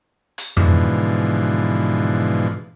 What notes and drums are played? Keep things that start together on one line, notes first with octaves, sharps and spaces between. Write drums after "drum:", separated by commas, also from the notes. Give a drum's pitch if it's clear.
drum: hi-hat
G#2 B2 D3 E3 F3, drum: tom F2